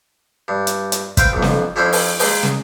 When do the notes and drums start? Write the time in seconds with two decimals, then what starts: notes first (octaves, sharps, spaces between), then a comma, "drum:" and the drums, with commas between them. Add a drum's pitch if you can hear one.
0.48 G2
0.67 drum: hi-hat
0.92 drum: hi-hat
1.17 B4 C5 E5 F5 G5, drum: kick, hi-hat
1.33 B1 F2
1.42 drum: snare
1.76 F2 C#4 D4 E4 A4 C5
1.93 drum: open hi-hat
2.19 D#3 G#3 A#3 D#4, drum: open hi-hat
2.43 drum: snare